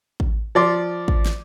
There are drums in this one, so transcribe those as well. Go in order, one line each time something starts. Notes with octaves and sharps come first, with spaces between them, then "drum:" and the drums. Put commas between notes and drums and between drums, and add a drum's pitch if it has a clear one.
drum: kick
F3 D5 C6
drum: kick
drum: snare